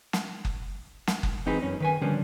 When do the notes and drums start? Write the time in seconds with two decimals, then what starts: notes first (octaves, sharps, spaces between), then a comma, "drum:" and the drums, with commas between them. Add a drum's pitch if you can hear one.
0.13 drum: snare
0.45 drum: kick F#1
1.07 drum: snare
1.23 drum: kick F#1
1.46 E3 C4 D#4 G#4 B4
1.62 F#2 C#4
1.80 D#3 B4 G#5
2.02 D3 F3 G3 A#3 C#4 D4